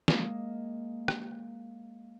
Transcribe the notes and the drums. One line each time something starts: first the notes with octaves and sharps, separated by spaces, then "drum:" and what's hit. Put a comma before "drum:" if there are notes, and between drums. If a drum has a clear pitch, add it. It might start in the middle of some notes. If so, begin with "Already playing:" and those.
G#3 A#3, drum: snare
drum: rim click